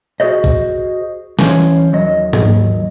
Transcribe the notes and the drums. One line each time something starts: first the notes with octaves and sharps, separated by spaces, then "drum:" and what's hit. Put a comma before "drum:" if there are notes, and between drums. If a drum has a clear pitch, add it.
F#4 G#4 C5 D#5
drum: kick
E3 C#4 C5 C#5 C6, drum: snare
D#2 F#3 D#5
drum: tom G#2